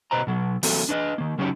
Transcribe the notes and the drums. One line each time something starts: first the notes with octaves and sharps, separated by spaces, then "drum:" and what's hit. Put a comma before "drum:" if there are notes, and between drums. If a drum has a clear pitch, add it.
B2 B4 C5 D#5 A#5
B2 F#3
E3 F#3 A3 A#3 C4 A4, drum: open hi-hat
D4 B4 D#5
D#3 A#3
C#3 F#3 C#4 D#4 G4 C#5